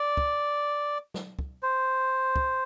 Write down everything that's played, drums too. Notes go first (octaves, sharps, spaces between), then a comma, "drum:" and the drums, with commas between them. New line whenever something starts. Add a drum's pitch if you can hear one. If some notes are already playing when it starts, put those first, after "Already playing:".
Already playing: D5
drum: kick
drum: snare
drum: kick
C5
drum: kick